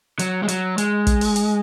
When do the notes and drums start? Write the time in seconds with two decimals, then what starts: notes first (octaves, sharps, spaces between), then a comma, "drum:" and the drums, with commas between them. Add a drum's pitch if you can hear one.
0.19 F#3, drum: hi-hat
0.43 G#3
0.48 F#3, drum: hi-hat
0.78 G#3, drum: hi-hat
1.07 drum: kick, hi-hat
1.21 drum: open hi-hat
1.36 drum: hi-hat